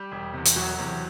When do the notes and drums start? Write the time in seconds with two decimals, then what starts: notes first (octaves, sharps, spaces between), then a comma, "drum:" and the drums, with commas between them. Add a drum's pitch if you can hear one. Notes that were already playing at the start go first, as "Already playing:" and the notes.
Already playing: G3 G4
0.12 E1
0.33 E2 C3
0.45 drum: hi-hat
0.56 E1 F#3 F#4
0.79 E2 C3